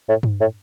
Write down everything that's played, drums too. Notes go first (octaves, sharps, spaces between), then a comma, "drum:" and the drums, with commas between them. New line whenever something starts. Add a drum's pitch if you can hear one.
A2
drum: tom G2
A2